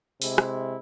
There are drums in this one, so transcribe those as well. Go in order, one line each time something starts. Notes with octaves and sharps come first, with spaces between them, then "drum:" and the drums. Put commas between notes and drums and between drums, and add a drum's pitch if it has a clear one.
C3 G#3 E4, drum: open hi-hat
drum: rim click